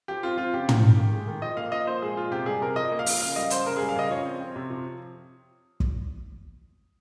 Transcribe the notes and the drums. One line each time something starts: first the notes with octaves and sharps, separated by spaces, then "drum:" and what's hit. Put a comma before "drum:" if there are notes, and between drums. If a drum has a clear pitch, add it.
F3 G4
C4 F4
C4 F4
C#3 G4
F3, drum: tom
C#3
D#3
G#3
D#3
F3 D#5
A#3 F5
F3 D#5
A#2 C5
G#3 G#4
A#2 F4
C3 G4
G3 G#4
C3 A#4
F3 D#5
A#3
F5
F3, drum: open hi-hat
C#3 F5
G3 D#5
C#3 C5, drum: hi-hat
C#3 A#4
G3 G#4
F5
C#3 D#5
F3 C#5
C4
C4
C3
F3
drum: kick